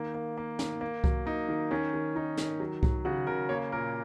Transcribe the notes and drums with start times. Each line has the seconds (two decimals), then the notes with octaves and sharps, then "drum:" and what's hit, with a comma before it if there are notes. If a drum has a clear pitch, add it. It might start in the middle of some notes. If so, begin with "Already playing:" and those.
Already playing: D#3 A#3
0.14 A#3
0.38 A#3
0.59 D#3, drum: snare
0.81 A#3
1.04 F#3, drum: kick C2
1.26 A#3 D#4
1.49 D#3
1.71 D#3 C#4
1.94 D#3
2.16 D#3 D#4
2.37 D#3, drum: snare
2.60 F#3
2.83 F#3, drum: kick C2
3.05 C#3 F#4
3.27 C#3 A#4
3.49 A#3 C#5
3.72 A#2 A#4